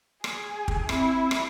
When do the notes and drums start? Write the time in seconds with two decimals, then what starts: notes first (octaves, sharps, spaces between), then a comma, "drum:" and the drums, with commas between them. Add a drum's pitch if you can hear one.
0.24 G#4, drum: rim click
0.68 drum: kick
0.89 C4 E4, drum: rim click
1.31 drum: rim click